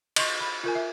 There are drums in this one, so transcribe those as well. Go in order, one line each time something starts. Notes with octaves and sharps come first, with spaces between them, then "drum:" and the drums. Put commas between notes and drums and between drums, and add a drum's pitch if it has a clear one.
D#5 C6 C#6, drum: cymbal
B5
F4 A#4 G#5
E5